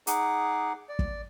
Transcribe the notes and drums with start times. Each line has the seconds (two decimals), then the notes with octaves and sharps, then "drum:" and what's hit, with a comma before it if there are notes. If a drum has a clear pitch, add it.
0.07 D#4 G#4 F#5 D6, drum: hi-hat
0.89 D5
0.99 drum: kick